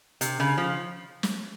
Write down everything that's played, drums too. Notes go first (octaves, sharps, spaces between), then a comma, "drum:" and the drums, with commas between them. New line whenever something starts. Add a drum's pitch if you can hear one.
C3, drum: hi-hat
C#3
F3
drum: snare